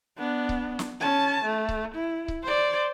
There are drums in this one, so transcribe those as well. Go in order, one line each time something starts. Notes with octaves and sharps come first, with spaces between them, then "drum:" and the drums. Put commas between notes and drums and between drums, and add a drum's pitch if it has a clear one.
B3 D4
drum: kick C#1
drum: snare
C#4 A5
A3
drum: kick C#1
E4
drum: kick C#1
C5 D5